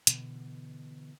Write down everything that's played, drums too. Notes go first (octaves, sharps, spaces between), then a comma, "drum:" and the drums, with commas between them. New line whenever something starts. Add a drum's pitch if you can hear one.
B2 D3 E3, drum: hi-hat